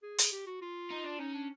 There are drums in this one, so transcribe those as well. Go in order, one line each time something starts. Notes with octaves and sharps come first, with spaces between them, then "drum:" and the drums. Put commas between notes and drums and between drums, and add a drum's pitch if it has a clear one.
G#4
drum: hi-hat
G4
F#4
F4
D#4
D4
C#4 D#4
D4